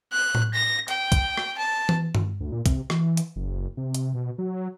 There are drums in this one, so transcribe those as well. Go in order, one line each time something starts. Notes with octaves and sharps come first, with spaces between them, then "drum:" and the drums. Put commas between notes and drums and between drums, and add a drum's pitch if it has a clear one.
F#6
drum: tom A2
A#6
G5, drum: hi-hat
drum: kick, hi-hat
drum: rim click
A5
drum: tom E3
drum: tom G2
D2
A#2
C3, drum: kick, hi-hat
E3, drum: rim click
drum: hi-hat
F#1
C3
drum: hi-hat
B2
F#3